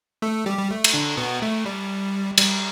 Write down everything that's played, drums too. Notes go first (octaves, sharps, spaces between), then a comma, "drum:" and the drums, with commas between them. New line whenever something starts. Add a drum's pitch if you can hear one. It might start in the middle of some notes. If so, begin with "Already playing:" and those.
A3 A4
G3 G4
G3
A3
drum: cymbal
D3 D4
B2 B3
A3
G3
G3, drum: cymbal